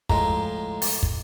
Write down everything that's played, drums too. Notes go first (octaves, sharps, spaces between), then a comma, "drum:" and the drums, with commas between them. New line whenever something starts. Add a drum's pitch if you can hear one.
A2 F3 G#3 A#5, drum: kick
drum: open hi-hat
drum: kick